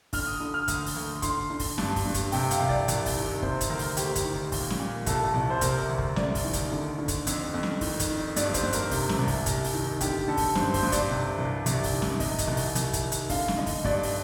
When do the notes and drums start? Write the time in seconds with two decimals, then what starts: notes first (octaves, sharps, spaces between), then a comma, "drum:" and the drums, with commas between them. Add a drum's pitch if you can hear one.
0.13 D3 F6, drum: kick, open hi-hat
0.27 D#6
0.40 D3 D#6
0.54 F6
0.68 D2 D#6, drum: kick, hi-hat
0.86 drum: open hi-hat
0.96 D2
1.22 D3 C6, drum: kick, hi-hat
1.50 D3
1.59 drum: kick, open hi-hat
1.78 G2 A5, drum: snare
1.96 drum: kick, open hi-hat
2.05 G2
2.14 drum: kick, hi-hat
2.32 C3 G5, drum: open hi-hat
2.51 F5, drum: hi-hat
2.60 C2
2.69 D5, drum: kick
2.88 C2, drum: hi-hat
3.06 drum: kick, open hi-hat
3.15 D#3
3.42 C3 C5, drum: kick
3.61 drum: kick, hi-hat
3.70 D2 A#4
3.79 drum: open hi-hat
3.97 D2 G4, drum: hi-hat
4.16 drum: kick, hi-hat
4.25 D#3
4.52 A#2, drum: kick, open hi-hat
4.70 drum: snare
4.80 A#2
5.06 C2 A4, drum: kick, hi-hat
5.34 C2
5.50 C5
5.61 C3 A#4, drum: kick, hi-hat
5.89 D2
5.98 drum: kick
6.16 D2 D5, drum: snare
6.35 drum: kick, open hi-hat
6.44 D#3
6.53 drum: kick, hi-hat
6.72 D3
6.99 D3
7.08 drum: kick, hi-hat
7.27 F2, drum: hi-hat
7.54 F2
7.63 drum: snare
7.81 D#3, drum: kick, open hi-hat
8.00 drum: kick, hi-hat
8.09 D#3
8.36 G2 D5, drum: hi-hat
8.54 C5, drum: kick, hi-hat
8.63 G2
8.73 A#4, drum: hi-hat
8.91 C3, drum: kick, open hi-hat
9.09 drum: snare
9.19 C2
9.28 drum: kick, open hi-hat
9.46 C2, drum: kick, hi-hat
9.64 drum: open hi-hat
9.74 D#3
10.01 D3 G4, drum: kick, hi-hat
10.28 D3 A4
10.37 drum: kick, open hi-hat
10.55 G2 C5, drum: snare
10.74 C5, drum: kick, open hi-hat
10.83 G2
10.92 D5, drum: kick, hi-hat
11.10 C3
11.38 C2
11.66 C2, drum: hi-hat
11.84 drum: kick, open hi-hat
11.93 D#3
12.02 drum: snare
12.20 C3 D#5, drum: kick, open hi-hat
12.38 drum: kick, hi-hat
12.48 C2
12.57 drum: open hi-hat
12.75 C2, drum: hi-hat
12.93 drum: kick, hi-hat
13.02 D#3
13.12 drum: hi-hat
13.29 D3 F5, drum: kick, open hi-hat
13.48 drum: snare
13.57 D3 D#5
13.67 drum: kick, open hi-hat
13.84 G2 D5, drum: kick
14.03 drum: open hi-hat